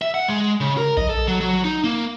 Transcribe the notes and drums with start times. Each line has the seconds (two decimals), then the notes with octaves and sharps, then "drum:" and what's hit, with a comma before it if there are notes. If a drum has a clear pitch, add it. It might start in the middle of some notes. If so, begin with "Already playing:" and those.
0.02 E5
0.14 F#5
0.28 G#3
0.61 C#3
0.78 A#4
0.97 D#5, drum: kick A#1
1.09 A4
1.28 F#3
1.41 F#3
1.64 D#4
1.84 A#3